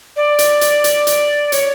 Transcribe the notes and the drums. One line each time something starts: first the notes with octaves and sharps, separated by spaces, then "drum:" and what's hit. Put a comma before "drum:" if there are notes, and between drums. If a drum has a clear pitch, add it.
D5
drum: hi-hat
drum: hi-hat
drum: hi-hat
drum: hi-hat
C#5, drum: hi-hat